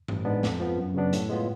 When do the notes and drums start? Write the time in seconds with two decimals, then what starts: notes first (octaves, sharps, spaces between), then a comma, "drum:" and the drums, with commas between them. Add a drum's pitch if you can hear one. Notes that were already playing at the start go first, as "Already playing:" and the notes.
0.08 A1, drum: tom G2
0.25 G#2 G#3 B3 D4
0.43 F2, drum: snare
0.60 F3 B3
0.77 F#2
0.94 C#3 F#3 B3 D4
1.13 A2, drum: hi-hat
1.29 G#3 B3 F4